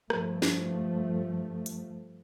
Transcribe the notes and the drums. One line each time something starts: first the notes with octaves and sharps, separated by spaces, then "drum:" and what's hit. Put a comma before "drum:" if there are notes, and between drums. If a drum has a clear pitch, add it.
G2 F3 A3, drum: rim click
drum: snare
drum: hi-hat